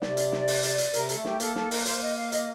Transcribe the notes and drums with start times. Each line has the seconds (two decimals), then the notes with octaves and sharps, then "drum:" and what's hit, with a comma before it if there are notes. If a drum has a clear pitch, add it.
0.02 C3 D5, drum: snare
0.17 drum: hi-hat
0.32 drum: snare
0.48 drum: open hi-hat
0.63 drum: hi-hat
0.78 drum: hi-hat
0.93 C3 A#4, drum: hi-hat
1.09 A4, drum: hi-hat
1.17 A3
1.25 G4, drum: snare
1.40 A#3 A4, drum: hi-hat
1.56 A4, drum: snare
1.71 A#4, drum: open hi-hat
1.85 A#3 C5, drum: hi-hat
2.01 D#5
2.16 F5
2.32 D#5, drum: hi-hat